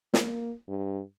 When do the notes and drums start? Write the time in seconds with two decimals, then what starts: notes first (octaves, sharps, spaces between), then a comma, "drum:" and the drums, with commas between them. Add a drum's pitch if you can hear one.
0.14 A#3, drum: snare
0.68 G2